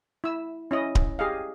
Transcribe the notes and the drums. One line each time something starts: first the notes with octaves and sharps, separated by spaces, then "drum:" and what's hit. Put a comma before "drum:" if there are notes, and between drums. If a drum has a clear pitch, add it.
E4 E6
C#4 E4 D#5
drum: kick D1
G4 G#4 D#5 F5